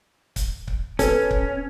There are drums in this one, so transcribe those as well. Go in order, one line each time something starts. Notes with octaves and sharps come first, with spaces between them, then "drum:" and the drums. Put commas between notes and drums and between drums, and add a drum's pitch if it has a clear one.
drum: kick C#1, hi-hat
drum: kick C#1
B3 C#4 A4, drum: kick C#1, hi-hat
drum: kick C#1